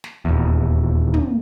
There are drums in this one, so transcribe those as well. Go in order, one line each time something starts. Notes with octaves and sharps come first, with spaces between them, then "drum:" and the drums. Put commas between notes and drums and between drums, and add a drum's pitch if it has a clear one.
drum: snare
D#1 E2
drum: tom